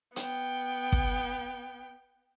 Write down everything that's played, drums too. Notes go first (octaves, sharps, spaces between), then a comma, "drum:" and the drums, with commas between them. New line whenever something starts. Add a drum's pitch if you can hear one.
B3 G5, drum: hi-hat
drum: kick